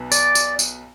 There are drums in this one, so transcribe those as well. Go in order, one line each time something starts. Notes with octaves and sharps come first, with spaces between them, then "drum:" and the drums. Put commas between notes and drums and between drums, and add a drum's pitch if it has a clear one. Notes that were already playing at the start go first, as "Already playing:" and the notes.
Already playing: B1 B2 B3
D5, drum: tambourine
drum: tambourine
drum: tambourine